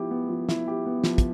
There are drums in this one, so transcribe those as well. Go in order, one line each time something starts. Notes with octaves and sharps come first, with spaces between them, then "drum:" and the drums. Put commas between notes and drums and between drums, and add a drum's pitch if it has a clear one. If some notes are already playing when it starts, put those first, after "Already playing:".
Already playing: F3 B3 E4 G4
B3
F3
E4, drum: snare
G4
B3
F3, drum: snare
drum: kick, hi-hat